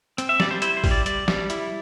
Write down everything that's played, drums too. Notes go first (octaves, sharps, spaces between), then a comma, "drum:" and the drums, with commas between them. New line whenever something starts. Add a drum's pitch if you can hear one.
C4, drum: hi-hat
E5
G3 D5, drum: snare
C5
E4 C5, drum: hi-hat
C5
G3, drum: kick G#1, open hi-hat
D5
G3 D5, drum: hi-hat
G3, drum: snare
E4, drum: hi-hat